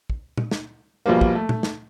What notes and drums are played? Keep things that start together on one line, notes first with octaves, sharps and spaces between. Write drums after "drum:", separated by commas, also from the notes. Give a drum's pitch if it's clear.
drum: kick
drum: tom
drum: snare
A#1 B2 F3 G3 A#3
drum: kick
A3
drum: tom
drum: snare